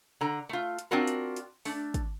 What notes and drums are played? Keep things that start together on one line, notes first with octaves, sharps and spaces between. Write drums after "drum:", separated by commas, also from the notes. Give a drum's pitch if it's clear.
D3 A#5
A3 F4
drum: hi-hat
C4 D4 F4 F#4 A#4
drum: hi-hat
drum: hi-hat
A3 D4, drum: open hi-hat
drum: kick, hi-hat